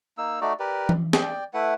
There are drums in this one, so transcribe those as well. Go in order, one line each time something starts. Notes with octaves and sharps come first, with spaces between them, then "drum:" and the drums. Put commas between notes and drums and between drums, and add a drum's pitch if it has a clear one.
A#3 D#4 E6
A3 D#4 F#4 D5
G4 A#4 B4 D5
drum: tom E3
D5 G5, drum: snare
A3 E4 B4 F#5